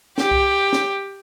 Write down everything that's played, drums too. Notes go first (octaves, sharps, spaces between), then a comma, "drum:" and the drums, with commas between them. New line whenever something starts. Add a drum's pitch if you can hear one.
G4, drum: snare
drum: kick C2
drum: snare